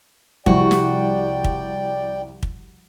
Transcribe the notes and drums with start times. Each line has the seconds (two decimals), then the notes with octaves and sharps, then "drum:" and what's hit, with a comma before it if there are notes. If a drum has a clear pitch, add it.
0.46 C2 F3 G3 F#4 D5 G5, drum: kick
0.71 drum: snare
1.44 drum: kick
2.43 drum: kick